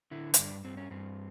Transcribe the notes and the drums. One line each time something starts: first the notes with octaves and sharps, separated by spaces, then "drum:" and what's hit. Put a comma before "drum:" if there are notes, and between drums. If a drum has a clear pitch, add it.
D3 E4
D#4, drum: hi-hat
G2 D4
G2 C4
C#4
G2 C4